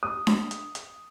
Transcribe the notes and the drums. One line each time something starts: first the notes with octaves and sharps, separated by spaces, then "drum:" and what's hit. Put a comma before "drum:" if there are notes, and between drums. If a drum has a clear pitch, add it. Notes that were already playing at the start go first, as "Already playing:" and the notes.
D#6
drum: snare D4
drum: hi-hat
drum: hi-hat